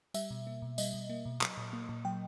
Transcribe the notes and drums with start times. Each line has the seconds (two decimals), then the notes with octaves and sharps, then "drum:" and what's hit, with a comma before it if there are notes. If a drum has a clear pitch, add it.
0.14 G3 E5, drum: tambourine
0.31 B2
0.47 A#3
0.62 B2
0.78 G3 D#5, drum: tambourine
0.94 B2
1.10 A#3
1.25 B2
1.41 F#3, drum: clap
1.57 A#2
1.73 A#3
1.89 A#2
2.05 F#3 G5